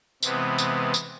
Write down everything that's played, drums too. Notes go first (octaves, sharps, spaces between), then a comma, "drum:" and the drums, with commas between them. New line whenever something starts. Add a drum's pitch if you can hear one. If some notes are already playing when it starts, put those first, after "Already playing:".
C3 E3 G#3 B3, drum: tambourine
drum: tambourine
drum: tambourine